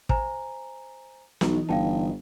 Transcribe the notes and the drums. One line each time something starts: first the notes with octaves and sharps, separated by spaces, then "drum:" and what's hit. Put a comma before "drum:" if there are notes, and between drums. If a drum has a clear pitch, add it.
C5 G#5 A#5, drum: kick
B1 E3 D#4, drum: snare
G1 F5 G5 A5